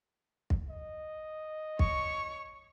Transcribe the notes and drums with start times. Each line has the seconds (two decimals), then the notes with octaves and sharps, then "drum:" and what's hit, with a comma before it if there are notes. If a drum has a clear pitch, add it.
0.50 drum: kick
0.70 D#5
1.79 C#5 C#6, drum: kick